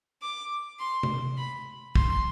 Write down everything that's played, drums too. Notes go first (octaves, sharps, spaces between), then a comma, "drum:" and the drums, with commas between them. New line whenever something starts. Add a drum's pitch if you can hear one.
D6
C6
drum: tom C3
B5
C6, drum: kick